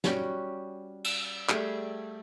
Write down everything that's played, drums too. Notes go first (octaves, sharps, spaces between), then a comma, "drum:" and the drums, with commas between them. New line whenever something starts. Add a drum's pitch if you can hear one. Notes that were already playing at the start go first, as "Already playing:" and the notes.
G3 C#4 F#4 G4, drum: snare
drum: cymbal
G3 A3 G4 G#4, drum: clap